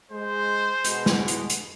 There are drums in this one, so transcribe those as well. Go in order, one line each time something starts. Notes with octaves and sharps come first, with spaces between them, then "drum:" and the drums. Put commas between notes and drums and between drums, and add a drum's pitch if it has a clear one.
G#3 C5
B2 G#3, drum: hi-hat
drum: snare
drum: hi-hat
drum: hi-hat